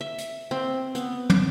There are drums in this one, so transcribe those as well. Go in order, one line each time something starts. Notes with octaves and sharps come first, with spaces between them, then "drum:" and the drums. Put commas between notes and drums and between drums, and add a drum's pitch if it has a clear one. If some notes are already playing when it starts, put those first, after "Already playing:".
E5
drum: hi-hat
C4
B3, drum: hi-hat
D6, drum: tom